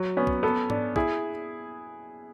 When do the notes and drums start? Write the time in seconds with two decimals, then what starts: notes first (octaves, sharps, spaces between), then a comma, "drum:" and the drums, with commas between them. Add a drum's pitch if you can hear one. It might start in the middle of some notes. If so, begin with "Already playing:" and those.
Already playing: F#3
0.17 B3 C#4
0.27 drum: kick
0.43 B3 A4
0.70 D4, drum: tom G#2
0.96 E4 G#4, drum: kick